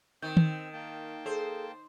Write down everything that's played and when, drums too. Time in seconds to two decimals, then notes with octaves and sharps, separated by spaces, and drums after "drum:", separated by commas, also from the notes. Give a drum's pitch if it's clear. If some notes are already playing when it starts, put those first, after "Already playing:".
0.23 D#3 C4 E6 G6
0.37 drum: tom
0.73 A#3 G5 A5
1.26 G#4 A4 C5